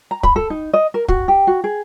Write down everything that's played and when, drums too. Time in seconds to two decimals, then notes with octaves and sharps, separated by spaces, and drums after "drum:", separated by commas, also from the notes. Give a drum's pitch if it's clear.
0.11 A#5
0.23 B5, drum: kick
0.36 A4
0.50 D#4
0.73 D#5
0.94 A#4
1.08 F#4, drum: kick
1.28 G4
1.47 F#4
1.64 G#4